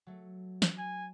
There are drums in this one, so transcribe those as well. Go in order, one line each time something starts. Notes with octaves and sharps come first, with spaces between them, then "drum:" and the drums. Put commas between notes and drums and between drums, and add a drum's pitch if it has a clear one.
F#3 A3
drum: snare
G#5